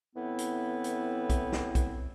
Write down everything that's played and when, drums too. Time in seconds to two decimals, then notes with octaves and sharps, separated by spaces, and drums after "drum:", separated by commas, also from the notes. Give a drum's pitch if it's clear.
0.16 A2 E3 B3 C4 E4
0.38 drum: hi-hat
0.84 drum: hi-hat
1.30 drum: kick B1, hi-hat
1.52 drum: snare
1.75 drum: kick B1, hi-hat